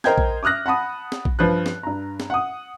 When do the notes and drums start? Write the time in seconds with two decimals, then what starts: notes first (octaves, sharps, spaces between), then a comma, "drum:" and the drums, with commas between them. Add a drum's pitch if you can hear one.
0.04 A#4 C5 D#5 G5 G6 G#6, drum: snare
0.18 drum: kick A#1
0.43 D6 D#6 F6 F#6 A#6
0.66 F#5 A5 B5 D#6
1.12 drum: snare
1.25 drum: kick A#1
1.39 G2 F3 B4 F#6
1.66 drum: snare
1.83 G2 A#5
2.20 drum: snare
2.30 F#5 D#6